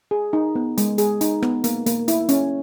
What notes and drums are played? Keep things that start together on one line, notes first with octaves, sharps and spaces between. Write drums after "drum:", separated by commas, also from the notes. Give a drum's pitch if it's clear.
G#4
D#4
B3
G#3, drum: hi-hat
G#4, drum: hi-hat
D#4, drum: hi-hat
B3, drum: rim click
A#3, drum: hi-hat
A#3, drum: hi-hat
E4, drum: hi-hat
C#4, drum: hi-hat